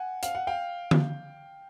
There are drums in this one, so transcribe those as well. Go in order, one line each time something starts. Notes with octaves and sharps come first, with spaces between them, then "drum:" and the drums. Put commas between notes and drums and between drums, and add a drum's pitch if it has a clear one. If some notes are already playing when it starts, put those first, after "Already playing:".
Already playing: F#5 G#5
F5, drum: hi-hat
F#5
F5 G5
drum: tom D3